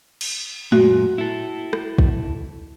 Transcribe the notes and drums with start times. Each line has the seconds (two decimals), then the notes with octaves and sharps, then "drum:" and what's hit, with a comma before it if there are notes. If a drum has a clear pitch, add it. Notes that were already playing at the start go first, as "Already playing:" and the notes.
0.21 drum: cymbal
0.72 F#2 A#2 F#4, drum: tom G#3
1.18 E4 A4
1.73 drum: rim click
1.98 drum: kick